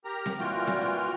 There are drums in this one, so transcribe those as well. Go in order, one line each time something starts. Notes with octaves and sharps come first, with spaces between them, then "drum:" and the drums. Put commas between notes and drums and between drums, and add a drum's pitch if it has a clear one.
G4 A#4 A#5
drum: snare C4
A#2 E3 F4 F#4 G5 F6
drum: snare C4